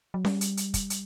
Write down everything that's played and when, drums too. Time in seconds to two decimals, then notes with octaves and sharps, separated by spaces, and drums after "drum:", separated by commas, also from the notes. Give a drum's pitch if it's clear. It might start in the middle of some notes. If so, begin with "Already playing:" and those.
0.14 F#3
0.25 G3, drum: snare C#4
0.41 drum: hi-hat
0.57 drum: hi-hat
0.74 drum: kick, hi-hat
0.90 drum: hi-hat